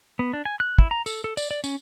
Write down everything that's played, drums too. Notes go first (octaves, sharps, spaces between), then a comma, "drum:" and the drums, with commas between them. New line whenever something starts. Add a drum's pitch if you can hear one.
B3
D4
G#5
F#6
E4, drum: kick
A#5
A4, drum: tambourine
A4
D5, drum: tambourine
D5
C#4, drum: tambourine